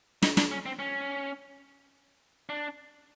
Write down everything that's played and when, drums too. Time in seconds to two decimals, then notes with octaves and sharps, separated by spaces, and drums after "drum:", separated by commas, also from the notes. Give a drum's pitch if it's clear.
0.22 D#4, drum: snare
0.37 D4, drum: snare
0.51 C#4
0.66 C4
0.79 C#4
2.49 D4